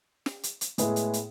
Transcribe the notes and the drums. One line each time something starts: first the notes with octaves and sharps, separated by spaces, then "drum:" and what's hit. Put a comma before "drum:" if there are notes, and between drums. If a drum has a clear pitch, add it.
drum: snare
drum: hi-hat
drum: hi-hat
A2 G#3 B3 E4 G#4, drum: hi-hat
drum: hi-hat
drum: hi-hat